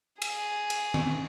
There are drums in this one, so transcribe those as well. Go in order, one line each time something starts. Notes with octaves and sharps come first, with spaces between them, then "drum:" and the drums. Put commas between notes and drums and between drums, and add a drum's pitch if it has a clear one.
G#4, drum: cymbal
drum: cymbal
drum: tom D#3